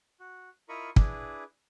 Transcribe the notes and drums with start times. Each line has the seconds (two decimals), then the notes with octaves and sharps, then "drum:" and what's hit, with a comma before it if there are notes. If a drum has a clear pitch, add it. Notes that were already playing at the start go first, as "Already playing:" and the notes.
0.20 F#4
0.69 E4 F4 A#4 D#5 B5 C#6
0.96 D4 E4 G#4 B4, drum: kick